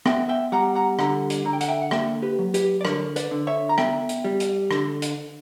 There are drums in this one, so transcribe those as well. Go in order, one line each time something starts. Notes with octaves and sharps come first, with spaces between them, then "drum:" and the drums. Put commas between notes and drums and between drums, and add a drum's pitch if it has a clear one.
B3 E5 G5, drum: rim click
E5 G5
G3 F#5 A#5
F#5 A#5
D3 F#5 A#5, drum: rim click
drum: hi-hat
D3 A#5
G5
F#5, drum: hi-hat
E5 G5
F#5
A#3 E5 G5, drum: rim click
G4 B4
F#3
G4 B4, drum: hi-hat
D5
D3 A#4 C#5, drum: rim click
B4 D5, drum: hi-hat
D3
C#5 E5
A#5
B3 E5 G5, drum: rim click
drum: hi-hat
G3
drum: hi-hat
D3, drum: rim click
drum: hi-hat